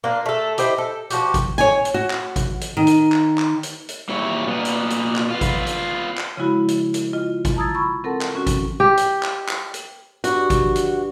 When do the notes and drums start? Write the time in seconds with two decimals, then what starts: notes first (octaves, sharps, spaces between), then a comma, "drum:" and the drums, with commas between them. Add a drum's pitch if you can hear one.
0.04 A#3 D4 F4
0.26 A3 A4
0.58 E4 G4 C5 D#5, drum: hi-hat
0.78 A4
1.10 F3 F#4 G4, drum: hi-hat
1.34 drum: kick G#1, hi-hat
1.58 C#5 G#5, drum: hi-hat
1.85 drum: hi-hat
1.94 F#4
2.10 drum: clap
2.36 drum: kick G#1, hi-hat
2.61 drum: hi-hat
2.77 D#3
2.87 drum: hi-hat
3.12 drum: clap
3.38 drum: clap
3.63 drum: hi-hat
3.89 drum: hi-hat
4.09 A#2 G3 E4 C#5
4.46 A#2 B3
4.65 drum: hi-hat
4.90 drum: hi-hat
5.16 drum: clap
5.30 B3 F4
5.41 drum: kick G#1, hi-hat
5.67 drum: hi-hat
6.18 drum: clap
6.37 C#3 F3 G#3 E4 F#4 B5
6.68 drum: hi-hat
6.94 drum: hi-hat
7.13 F4 D#5
7.45 drum: kick G#1, hi-hat
7.56 A5 A#5 D#6 E6 G#6 A6
7.75 B5 C#6 E6
8.04 C4 A4 A#4 F#5 A5
8.21 drum: clap
8.35 C#4 F#4
8.47 drum: kick G#1, hi-hat
8.80 G4
8.97 drum: hi-hat
9.23 drum: clap
9.48 drum: clap
9.74 drum: hi-hat
10.24 G2 F#4, drum: hi-hat
10.50 drum: kick G#1, hi-hat
10.76 drum: hi-hat